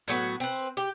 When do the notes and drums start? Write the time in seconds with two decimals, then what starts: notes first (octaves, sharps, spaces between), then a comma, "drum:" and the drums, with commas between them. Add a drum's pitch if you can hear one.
0.08 A2 F#3 B3 F#4, drum: hi-hat
0.40 C4 B4
0.77 G4